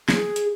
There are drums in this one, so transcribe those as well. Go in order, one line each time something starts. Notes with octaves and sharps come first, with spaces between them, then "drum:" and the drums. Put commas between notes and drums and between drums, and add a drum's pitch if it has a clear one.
G#4, drum: snare
drum: hi-hat